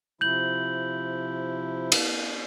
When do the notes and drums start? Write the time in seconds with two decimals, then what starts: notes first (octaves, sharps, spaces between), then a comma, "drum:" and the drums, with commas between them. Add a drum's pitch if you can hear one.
0.21 C3 F3 E4 G6 F#7
1.92 drum: cymbal